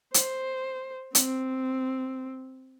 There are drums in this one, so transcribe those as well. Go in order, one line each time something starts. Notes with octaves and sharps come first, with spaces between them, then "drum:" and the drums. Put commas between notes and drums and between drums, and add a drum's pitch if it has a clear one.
C5, drum: hi-hat
C4, drum: hi-hat